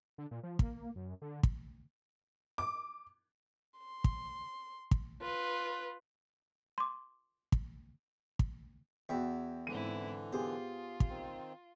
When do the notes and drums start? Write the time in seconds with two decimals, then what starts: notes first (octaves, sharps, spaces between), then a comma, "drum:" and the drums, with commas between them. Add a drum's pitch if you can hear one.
0.18 D3
0.31 A#2
0.43 F3
0.59 A#3, drum: kick
0.96 F#2
1.22 D3
1.43 drum: kick
2.58 D6
3.79 C6
4.04 drum: kick
4.91 drum: kick
5.21 F4 B4
6.78 C6 D6
7.52 drum: kick
8.39 drum: kick
9.09 E2 F#4 E5 G5
9.67 G#2 D3 E3 C4 E4 D#7
10.33 B3 F4 G4 G#4 C5
11.00 drum: kick
11.09 D#3 C4